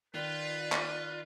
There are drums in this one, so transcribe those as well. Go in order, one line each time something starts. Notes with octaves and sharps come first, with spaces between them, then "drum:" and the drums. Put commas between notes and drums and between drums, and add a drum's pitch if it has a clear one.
D#3 D#4 F4 B4 D5
drum: clap